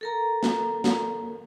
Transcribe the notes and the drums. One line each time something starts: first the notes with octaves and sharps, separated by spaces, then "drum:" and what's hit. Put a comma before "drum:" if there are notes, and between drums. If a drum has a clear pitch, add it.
A4 A#4 A#5
drum: snare
drum: snare